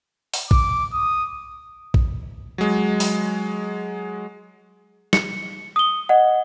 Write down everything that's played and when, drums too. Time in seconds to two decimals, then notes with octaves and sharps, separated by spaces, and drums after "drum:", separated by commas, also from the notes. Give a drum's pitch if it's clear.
0.34 drum: open hi-hat
0.51 D6, drum: kick A#1
0.93 D#6
1.94 drum: kick A#1
2.58 F#3 G#3
3.00 drum: open hi-hat
5.13 C#7, drum: snare
5.76 D#6 G7
6.09 D#5 F#5